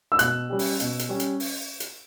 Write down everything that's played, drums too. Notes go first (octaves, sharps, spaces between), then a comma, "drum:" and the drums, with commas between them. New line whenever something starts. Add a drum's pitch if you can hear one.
E6
B2 F#6, drum: hi-hat
G3 C#4 G4
drum: open hi-hat
B2, drum: hi-hat
drum: hi-hat
G3 C#4 G4
drum: hi-hat
drum: open hi-hat
drum: hi-hat